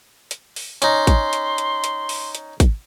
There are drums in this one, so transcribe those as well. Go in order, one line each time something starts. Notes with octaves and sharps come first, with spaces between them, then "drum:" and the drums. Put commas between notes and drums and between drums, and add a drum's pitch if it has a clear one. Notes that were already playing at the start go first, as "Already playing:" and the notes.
drum: hi-hat
drum: open hi-hat
C#4 D#4 C6, drum: hi-hat
drum: kick, hi-hat
drum: hi-hat
drum: hi-hat
drum: hi-hat
drum: open hi-hat
drum: hi-hat
drum: kick, hi-hat